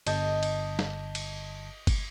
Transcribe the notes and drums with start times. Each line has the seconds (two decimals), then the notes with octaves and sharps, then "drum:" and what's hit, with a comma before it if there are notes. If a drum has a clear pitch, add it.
0.07 G1 D#5 A5 G6, drum: cymbal
0.43 drum: cymbal
0.79 drum: snare
1.15 drum: cymbal
1.87 drum: kick G1, cymbal